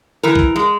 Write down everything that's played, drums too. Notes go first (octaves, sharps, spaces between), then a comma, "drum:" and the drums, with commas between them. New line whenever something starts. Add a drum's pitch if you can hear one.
E3 A#4
drum: kick
G#3